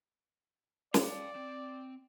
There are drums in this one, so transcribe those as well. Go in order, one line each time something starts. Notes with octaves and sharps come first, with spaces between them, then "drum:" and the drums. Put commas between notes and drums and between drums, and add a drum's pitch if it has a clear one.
D5 F5 G5, drum: snare
C4